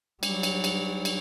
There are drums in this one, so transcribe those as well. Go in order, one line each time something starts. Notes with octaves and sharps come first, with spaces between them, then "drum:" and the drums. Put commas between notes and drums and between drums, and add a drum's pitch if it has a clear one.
F#3 G3, drum: cymbal
drum: cymbal
drum: cymbal
drum: cymbal